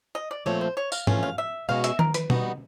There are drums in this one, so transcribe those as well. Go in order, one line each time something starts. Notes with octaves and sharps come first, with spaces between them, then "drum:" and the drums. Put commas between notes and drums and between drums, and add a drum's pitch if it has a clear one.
D#5
D5
A#2 F3 A3 C4 C#5
C5
C#5
F5, drum: tambourine
E3 A3 C#4 F4, drum: tom
F5
E5
B2 G#3 C#4 F#4 F5
E5, drum: hi-hat
A#4, drum: tom
B4, drum: hi-hat
G3 B3 D#4 F#4, drum: tom B2